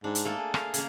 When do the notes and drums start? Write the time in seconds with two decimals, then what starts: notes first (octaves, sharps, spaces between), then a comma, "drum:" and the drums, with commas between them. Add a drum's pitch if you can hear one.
0.04 G#2 D4
0.15 drum: hi-hat
0.25 A3 A#3 A4
0.38 G#4
0.54 F5, drum: rim click
0.74 C#3 A#3, drum: hi-hat